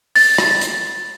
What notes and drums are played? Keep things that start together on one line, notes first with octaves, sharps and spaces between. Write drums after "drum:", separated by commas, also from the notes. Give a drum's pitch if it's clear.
A6, drum: open hi-hat
drum: rim click
drum: hi-hat